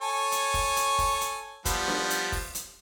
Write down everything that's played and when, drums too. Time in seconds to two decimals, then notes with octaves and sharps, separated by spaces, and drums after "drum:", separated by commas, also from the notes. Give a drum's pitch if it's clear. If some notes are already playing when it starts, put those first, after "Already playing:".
0.02 A4 C#5 G#5
0.32 drum: hi-hat
0.54 drum: kick, open hi-hat
0.76 drum: hi-hat
0.99 drum: kick, open hi-hat
1.21 drum: hi-hat
1.65 F3 G3 B3, drum: kick, hi-hat
1.88 drum: snare D4
2.10 drum: hi-hat
2.32 drum: kick, open hi-hat
2.55 drum: hi-hat